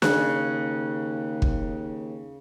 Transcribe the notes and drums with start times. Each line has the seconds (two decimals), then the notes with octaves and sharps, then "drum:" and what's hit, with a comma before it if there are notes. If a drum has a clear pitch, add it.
0.02 D#2 C#3 G#4 F#6, drum: snare
1.42 drum: kick